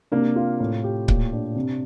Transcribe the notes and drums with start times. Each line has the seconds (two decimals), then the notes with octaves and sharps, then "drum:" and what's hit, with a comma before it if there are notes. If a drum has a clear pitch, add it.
0.12 C3 A#3 D4
0.36 F4
0.60 A2
0.84 G4
1.08 A#2, drum: kick C#1
1.32 D4
1.55 C3